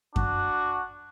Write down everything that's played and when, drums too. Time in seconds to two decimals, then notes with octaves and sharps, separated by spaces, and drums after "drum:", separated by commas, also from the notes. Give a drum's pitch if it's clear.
0.16 D4 F#4, drum: kick F#2